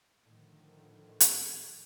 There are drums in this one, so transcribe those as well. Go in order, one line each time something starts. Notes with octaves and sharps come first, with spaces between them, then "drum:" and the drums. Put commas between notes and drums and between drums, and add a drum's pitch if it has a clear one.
A2 D3 D#3 F3
drum: hi-hat